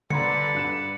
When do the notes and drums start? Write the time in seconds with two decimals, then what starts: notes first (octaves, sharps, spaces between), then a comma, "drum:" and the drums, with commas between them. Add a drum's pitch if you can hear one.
0.10 D3 B4 D5 A#5 C6 G#6 C#7, drum: tom
0.55 G2 F#6 E7